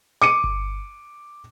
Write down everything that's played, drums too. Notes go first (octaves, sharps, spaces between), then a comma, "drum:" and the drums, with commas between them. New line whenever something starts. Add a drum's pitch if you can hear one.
D6 C#7 D#7
drum: kick G1